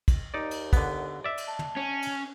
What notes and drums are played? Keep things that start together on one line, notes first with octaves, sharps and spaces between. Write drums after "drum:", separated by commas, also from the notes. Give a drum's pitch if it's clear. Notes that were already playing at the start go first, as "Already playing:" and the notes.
drum: kick, cymbal
D#2 D#4 D5
drum: cymbal
D3 B3, drum: kick, cymbal
D5 E5
drum: cymbal
A5
drum: tom
C#4
drum: cymbal